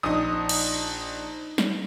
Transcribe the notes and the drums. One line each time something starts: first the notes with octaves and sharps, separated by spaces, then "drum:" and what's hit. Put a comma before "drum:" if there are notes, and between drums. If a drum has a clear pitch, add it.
A#1 D#4 D#6
drum: cymbal
drum: snare